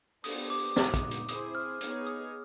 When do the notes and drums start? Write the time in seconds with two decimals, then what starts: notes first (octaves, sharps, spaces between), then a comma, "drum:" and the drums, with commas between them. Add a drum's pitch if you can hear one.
0.24 B3 D4 G4 C5 D#6, drum: open hi-hat
0.50 D6
0.76 G#3 B3 D#4 F#4, drum: snare
0.94 drum: kick, hi-hat
1.11 drum: hi-hat
1.28 C4 E4 G#4 C5 D#6, drum: hi-hat
1.55 F6
1.81 B3 D#4 G#4 C#5, drum: hi-hat
2.07 D#6